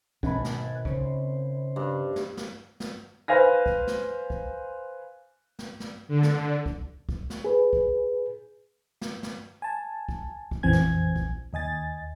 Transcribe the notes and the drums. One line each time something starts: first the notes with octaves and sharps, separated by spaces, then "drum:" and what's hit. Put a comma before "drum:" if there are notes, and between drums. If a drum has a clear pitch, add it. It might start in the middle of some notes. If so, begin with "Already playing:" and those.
G#1 B2 F#5 G#5 A5 B5, drum: kick
drum: snare
C#3 C4 C#4 C5, drum: kick
G2
drum: snare
drum: snare
drum: snare
B4 C5 F5 G#5 A#6
drum: kick
drum: snare
drum: kick
drum: snare
drum: snare
D3
drum: snare
drum: kick
drum: kick
drum: snare
G#4 B4
drum: kick
drum: snare
drum: snare
G#5 A5
drum: kick
drum: kick
A#1 F2 E3 C4 G#5 G#6
drum: snare
drum: kick
D#2 D#5 G#5 A6